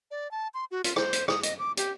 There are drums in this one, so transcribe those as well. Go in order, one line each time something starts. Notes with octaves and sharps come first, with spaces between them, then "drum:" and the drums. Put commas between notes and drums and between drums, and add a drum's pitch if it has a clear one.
D5
A5
C6
F#4
F4, drum: hi-hat
C5, drum: rim click
drum: hi-hat
D#6, drum: rim click
D#5, drum: hi-hat
D6
G4, drum: hi-hat